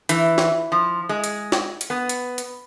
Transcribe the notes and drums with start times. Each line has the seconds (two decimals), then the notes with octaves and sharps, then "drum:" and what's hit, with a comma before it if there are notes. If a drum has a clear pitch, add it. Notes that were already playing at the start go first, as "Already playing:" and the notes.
0.09 E3, drum: hi-hat
0.38 drum: snare
0.72 F3
1.09 G#3
1.24 drum: hi-hat
1.52 drum: snare
1.81 drum: hi-hat
1.90 B3
2.09 drum: hi-hat
2.38 drum: hi-hat